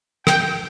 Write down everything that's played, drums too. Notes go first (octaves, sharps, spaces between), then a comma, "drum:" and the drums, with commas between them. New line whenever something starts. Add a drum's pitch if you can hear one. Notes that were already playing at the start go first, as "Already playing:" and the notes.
G5, drum: rim click